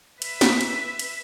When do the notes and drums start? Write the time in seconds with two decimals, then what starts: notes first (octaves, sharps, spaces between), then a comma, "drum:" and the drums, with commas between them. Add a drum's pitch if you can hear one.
0.22 B4 E5, drum: cymbal
0.41 drum: snare
0.61 drum: cymbal
0.99 drum: cymbal